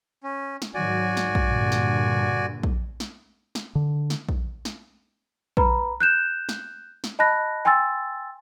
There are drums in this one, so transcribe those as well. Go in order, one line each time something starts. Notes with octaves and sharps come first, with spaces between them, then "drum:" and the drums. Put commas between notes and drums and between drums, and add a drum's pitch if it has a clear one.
C#4
drum: snare
G#2 D#3 F#3 F#4 D5 G#5
drum: snare
drum: kick A#1
G2 A#2 D3
drum: snare
drum: kick A#1
drum: snare
drum: snare
D3
drum: snare
drum: kick A#1
drum: snare
B4 A#5 B5, drum: kick A#1
F#6 G6 E7
drum: snare
drum: snare
D#5 A5 B5 F#6 A#6
G5 G#5 C6 E6 A6